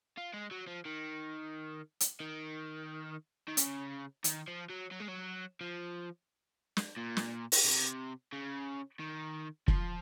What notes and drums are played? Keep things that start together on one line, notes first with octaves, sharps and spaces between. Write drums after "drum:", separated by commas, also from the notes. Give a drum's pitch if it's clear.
F4
G#3
F#3
F3
D#3
drum: hi-hat
D#3
D#3
C#3, drum: hi-hat
D#3, drum: hi-hat
F3
F#3
F#3
G#3
F#3
F3
drum: snare
A#2
drum: snare
drum: open hi-hat
C3
C#3
D#3
F3, drum: kick